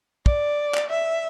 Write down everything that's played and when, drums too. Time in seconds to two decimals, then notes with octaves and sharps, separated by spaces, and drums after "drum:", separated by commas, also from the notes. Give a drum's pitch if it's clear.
0.26 D5, drum: kick
0.74 drum: clap
0.90 E5